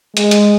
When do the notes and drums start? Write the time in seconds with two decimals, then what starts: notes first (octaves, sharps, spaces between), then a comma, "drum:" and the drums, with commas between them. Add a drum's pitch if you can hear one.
0.17 G#3, drum: hi-hat
0.31 drum: hi-hat